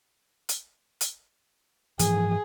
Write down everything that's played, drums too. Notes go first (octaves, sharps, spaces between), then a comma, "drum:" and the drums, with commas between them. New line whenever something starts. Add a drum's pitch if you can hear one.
drum: hi-hat
drum: hi-hat
G#2 E3 F3 G#4, drum: hi-hat